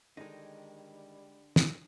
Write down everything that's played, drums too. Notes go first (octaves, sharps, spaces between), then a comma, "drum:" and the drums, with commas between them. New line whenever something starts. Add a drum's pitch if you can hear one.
D3 D#3 G3 G#3 D#4
drum: snare